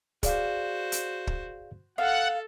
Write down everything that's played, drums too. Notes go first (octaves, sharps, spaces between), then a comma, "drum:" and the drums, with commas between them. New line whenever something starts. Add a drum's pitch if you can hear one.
F#4 G#4 C5 D5 F5, drum: kick, hi-hat
drum: hi-hat
drum: kick
A4 F5 F#5